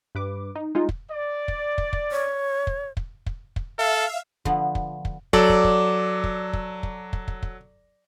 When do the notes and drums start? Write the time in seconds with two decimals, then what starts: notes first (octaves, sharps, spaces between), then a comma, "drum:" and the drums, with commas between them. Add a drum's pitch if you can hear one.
0.15 G2 B4 D6
0.55 D#4
0.75 G#3 D#4 F4
0.89 drum: kick
1.10 D5
1.48 drum: kick
1.78 drum: kick
1.93 drum: kick
2.11 C#5
2.67 drum: kick
2.97 drum: kick
3.26 drum: kick
3.56 drum: kick
3.79 A4 E5 F5
4.45 D3 F3 B3, drum: kick
4.75 drum: kick
5.05 drum: kick
5.33 F#3 A4 D5, drum: kick
5.49 drum: kick
5.64 drum: kick
6.24 drum: kick
6.53 drum: kick
6.83 drum: kick
7.13 drum: kick
7.28 drum: kick
7.43 drum: kick